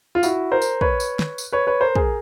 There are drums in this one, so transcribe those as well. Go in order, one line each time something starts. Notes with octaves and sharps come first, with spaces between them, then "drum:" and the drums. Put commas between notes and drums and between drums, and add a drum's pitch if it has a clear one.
F4
E4 F#4, drum: tambourine
A#4 C5
drum: tambourine
B4 C#5, drum: kick
drum: tambourine
drum: snare
drum: tambourine
B4 C#5
B4 C#5
A#4 C5
G#4 A#4, drum: kick